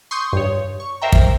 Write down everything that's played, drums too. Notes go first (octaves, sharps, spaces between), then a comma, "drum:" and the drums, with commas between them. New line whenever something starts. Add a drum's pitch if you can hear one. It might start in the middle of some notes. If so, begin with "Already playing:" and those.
C6 C#6 D#6 G6
G2 C#5
C#6
A#4 C5 E5 G5 A#5
drum: kick